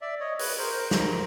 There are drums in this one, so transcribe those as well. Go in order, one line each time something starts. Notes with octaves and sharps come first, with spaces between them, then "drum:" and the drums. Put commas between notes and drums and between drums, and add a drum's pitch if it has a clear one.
D5 E5
C#5 D#5
B4 C#5, drum: open hi-hat
A#4 C5
A#4 C5
drum: snare